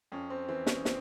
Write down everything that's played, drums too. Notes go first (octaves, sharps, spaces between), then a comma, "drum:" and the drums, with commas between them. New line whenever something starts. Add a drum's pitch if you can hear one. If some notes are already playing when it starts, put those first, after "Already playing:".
F2 C#4
C4
E3 C4
C#4, drum: snare
C4, drum: snare